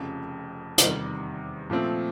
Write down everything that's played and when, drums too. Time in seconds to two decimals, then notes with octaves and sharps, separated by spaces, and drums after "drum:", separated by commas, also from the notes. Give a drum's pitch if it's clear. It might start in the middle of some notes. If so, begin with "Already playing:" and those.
Already playing: F1 F2 C#3
0.78 E2 C3 D#3 G3, drum: hi-hat
1.70 A#2 F3 A3 C4